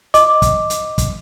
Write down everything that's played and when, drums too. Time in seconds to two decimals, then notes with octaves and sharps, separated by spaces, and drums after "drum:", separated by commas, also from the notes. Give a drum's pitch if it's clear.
0.14 D#5 D6, drum: hi-hat
0.42 drum: kick, hi-hat
0.70 drum: hi-hat
0.98 drum: kick, hi-hat